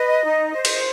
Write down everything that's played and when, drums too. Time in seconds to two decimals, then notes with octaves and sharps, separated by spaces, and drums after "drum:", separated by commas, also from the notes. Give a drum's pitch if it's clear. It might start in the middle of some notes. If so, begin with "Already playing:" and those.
Already playing: B4 D#5
0.24 D#4
0.54 C5
0.65 drum: cymbal